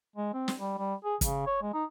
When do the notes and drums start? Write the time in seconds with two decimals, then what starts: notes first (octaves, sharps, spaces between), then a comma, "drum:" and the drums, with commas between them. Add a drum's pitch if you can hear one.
0.16 G#3
0.34 C4
0.48 drum: snare
0.59 G3
0.78 G3
1.05 G#4
1.21 C#3, drum: kick, hi-hat
1.46 C#5
1.62 G#3
1.74 D#4